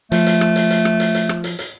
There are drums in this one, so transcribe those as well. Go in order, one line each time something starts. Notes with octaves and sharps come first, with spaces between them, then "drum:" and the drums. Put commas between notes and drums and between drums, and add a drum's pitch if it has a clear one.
F3 A3, drum: hi-hat
drum: hi-hat
drum: rim click
drum: hi-hat
drum: hi-hat
drum: rim click
drum: hi-hat
drum: hi-hat
drum: rim click
drum: hi-hat
drum: hi-hat